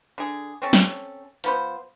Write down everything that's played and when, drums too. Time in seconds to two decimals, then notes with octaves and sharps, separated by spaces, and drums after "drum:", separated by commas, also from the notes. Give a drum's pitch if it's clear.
0.18 D3 G#4
0.62 C4 C#4 A4
0.73 drum: snare
1.44 F3 B3 C5, drum: hi-hat